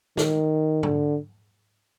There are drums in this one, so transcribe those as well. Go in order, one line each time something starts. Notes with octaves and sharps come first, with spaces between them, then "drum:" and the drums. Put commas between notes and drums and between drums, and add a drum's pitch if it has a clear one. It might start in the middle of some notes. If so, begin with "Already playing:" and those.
D#3, drum: snare
D3, drum: tom